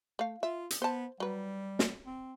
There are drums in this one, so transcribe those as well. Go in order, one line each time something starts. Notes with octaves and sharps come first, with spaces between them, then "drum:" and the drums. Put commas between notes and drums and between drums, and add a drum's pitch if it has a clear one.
A3 F5
F4 E5
drum: hi-hat
B3 C5 A5
F#3 G3 B4
drum: snare
C4